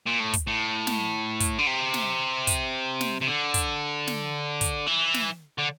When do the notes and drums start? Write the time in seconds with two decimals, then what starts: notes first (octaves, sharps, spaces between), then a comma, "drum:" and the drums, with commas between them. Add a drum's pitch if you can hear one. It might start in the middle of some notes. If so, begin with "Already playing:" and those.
0.07 A#2
0.20 A2
0.34 drum: kick, hi-hat
0.47 A2
0.87 drum: snare
1.40 drum: kick, hi-hat
1.59 D3
1.67 C3
1.94 drum: snare
2.47 drum: kick, hi-hat
3.01 drum: snare
3.21 C3
3.27 D3
3.54 drum: kick, hi-hat
4.07 drum: snare
4.61 drum: kick, hi-hat
4.87 E3
5.14 drum: snare
5.58 D3